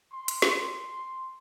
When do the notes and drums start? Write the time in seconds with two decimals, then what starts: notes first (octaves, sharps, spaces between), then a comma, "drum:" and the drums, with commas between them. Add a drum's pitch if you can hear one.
0.11 C6
0.28 drum: hi-hat
0.42 drum: snare